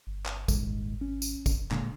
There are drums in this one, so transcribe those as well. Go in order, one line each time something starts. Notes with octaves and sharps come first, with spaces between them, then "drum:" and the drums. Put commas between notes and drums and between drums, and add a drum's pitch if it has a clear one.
G1
drum: clap
D#1 G#2, drum: kick, tambourine
G#1
C#4
drum: tambourine
F1, drum: kick, tambourine
A#2 D3 G#3, drum: clap